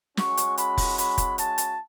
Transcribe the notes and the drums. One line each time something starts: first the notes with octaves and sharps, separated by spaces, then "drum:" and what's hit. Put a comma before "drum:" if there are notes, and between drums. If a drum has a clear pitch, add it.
G#3 C#4 F#4 C#6, drum: snare
drum: hi-hat
B5, drum: hi-hat
drum: kick F1, open hi-hat
B5, drum: hi-hat
drum: kick F1, hi-hat
A5, drum: hi-hat
drum: hi-hat